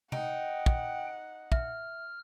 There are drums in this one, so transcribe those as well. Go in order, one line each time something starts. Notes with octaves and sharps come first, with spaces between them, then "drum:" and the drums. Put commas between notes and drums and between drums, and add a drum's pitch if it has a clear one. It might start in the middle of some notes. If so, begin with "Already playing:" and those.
D#4 F#5 G5, drum: tom C3
drum: kick
E5 F6, drum: kick